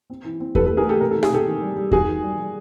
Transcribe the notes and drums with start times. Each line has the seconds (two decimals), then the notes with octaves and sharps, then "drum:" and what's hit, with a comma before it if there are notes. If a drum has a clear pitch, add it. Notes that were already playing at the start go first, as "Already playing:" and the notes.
0.10 C4
0.24 E3
0.40 C4
0.55 C4 A4 B4, drum: kick E2
0.66 A3 A4 B4
0.77 G#4 A#4
0.85 A3 G4 A4
1.00 C3 A#4
1.11 D#3 A4
1.23 G#4, drum: rim click
1.31 C3 G4 A4
1.47 D#3
1.61 G3
1.76 G3
1.92 D#3 F#4 G#4, drum: kick E2
2.07 D#3
2.23 G3
2.38 G3